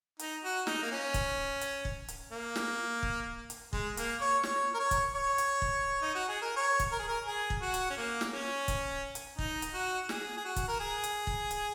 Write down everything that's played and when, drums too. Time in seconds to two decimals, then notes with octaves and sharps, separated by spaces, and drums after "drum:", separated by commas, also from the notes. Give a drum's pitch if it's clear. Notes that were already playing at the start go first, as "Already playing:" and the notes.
0.19 D#4, drum: hi-hat
0.44 F#4
0.67 D#4, drum: snare
0.82 A#3
0.91 C#4
1.14 drum: kick, hi-hat
1.61 drum: hi-hat
1.85 drum: kick
2.08 drum: hi-hat
2.32 A#3
2.56 drum: snare
3.03 drum: kick
3.50 drum: hi-hat
3.73 G#3, drum: kick
3.97 A#3, drum: hi-hat
4.21 C#5
4.43 C#5, drum: snare
4.74 A#4
4.79 C#5
4.91 drum: kick, hi-hat
5.15 C#5
5.38 drum: hi-hat
5.62 drum: kick
6.02 D#4
6.15 F#4
6.28 G#4
6.42 A#4
6.56 C#5
6.80 drum: kick, hi-hat
6.92 A#4
6.99 G#4
7.08 A#4
7.27 G#4
7.50 drum: kick
7.62 F#4
7.74 drum: hi-hat
7.90 C#4
7.97 A#3
8.21 drum: snare
8.32 C#4
8.68 drum: kick, hi-hat
9.15 drum: hi-hat
9.39 D#4, drum: kick
9.62 drum: hi-hat
9.74 F#4
10.09 G#4, drum: snare
10.37 G#4
10.45 F#4
10.56 drum: kick, hi-hat
10.68 A#4
10.80 G#4
11.04 drum: hi-hat
11.27 drum: kick
11.51 drum: hi-hat